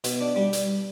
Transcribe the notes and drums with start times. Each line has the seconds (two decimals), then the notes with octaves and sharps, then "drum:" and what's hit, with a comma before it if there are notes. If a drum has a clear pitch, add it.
0.04 B2, drum: hi-hat
0.21 D4
0.36 G3
0.53 drum: hi-hat